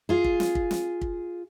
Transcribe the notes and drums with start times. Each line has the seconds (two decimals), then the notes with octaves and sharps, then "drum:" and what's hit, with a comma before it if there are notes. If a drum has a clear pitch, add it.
0.09 F4 G#4
0.24 drum: kick
0.40 drum: snare
0.55 drum: kick
0.71 drum: snare
1.01 drum: kick